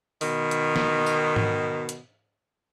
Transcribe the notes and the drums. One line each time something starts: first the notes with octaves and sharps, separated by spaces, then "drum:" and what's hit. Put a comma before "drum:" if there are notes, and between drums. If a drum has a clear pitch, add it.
B2 D#3, drum: open hi-hat
drum: hi-hat
drum: snare
drum: tambourine
drum: tom G#2
drum: hi-hat